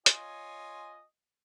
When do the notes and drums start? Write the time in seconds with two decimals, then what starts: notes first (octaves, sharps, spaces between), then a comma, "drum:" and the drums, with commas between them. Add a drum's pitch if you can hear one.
0.06 F4 C#5 D#5 G#5, drum: hi-hat